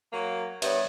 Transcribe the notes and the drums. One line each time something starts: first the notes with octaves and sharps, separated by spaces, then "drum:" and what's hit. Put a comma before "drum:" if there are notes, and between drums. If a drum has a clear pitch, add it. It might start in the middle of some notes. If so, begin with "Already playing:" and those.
F#3 A#3
G2 G3 B3 C#5 E5, drum: cymbal